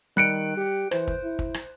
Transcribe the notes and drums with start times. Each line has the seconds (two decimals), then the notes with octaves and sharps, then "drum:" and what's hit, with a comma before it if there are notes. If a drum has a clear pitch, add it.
0.17 D#3 G3 F#6 C#7 D7
0.57 G4
0.91 E3 C5, drum: rim click
1.08 drum: kick
1.23 E4
1.39 drum: kick
1.54 drum: rim click